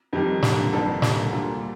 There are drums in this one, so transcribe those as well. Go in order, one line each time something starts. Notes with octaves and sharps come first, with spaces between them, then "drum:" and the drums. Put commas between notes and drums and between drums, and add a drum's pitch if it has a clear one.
F2 D#3 G3 G4
F2 D3 G3 A#3, drum: snare
G1 F2 D#3 A4
F2 D3 G3 A#3, drum: snare
D2 D3 G3 A#3 F4